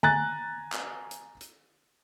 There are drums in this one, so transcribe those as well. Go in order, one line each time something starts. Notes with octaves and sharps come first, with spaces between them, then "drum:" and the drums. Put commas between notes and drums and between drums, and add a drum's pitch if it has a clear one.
G#5 A#5 F#6 A6, drum: tom D3
drum: clap
drum: hi-hat
drum: hi-hat